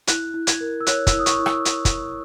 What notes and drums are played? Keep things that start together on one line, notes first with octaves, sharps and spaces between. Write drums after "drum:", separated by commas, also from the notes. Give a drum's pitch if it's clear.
E4 F#6, drum: hi-hat
E4
G#6, drum: hi-hat
A#4
E6
C#5 F#6, drum: hi-hat
E6, drum: kick, hi-hat
E4
D#6
C#6, drum: hi-hat
E4
E6, drum: rim click
drum: hi-hat
drum: kick, hi-hat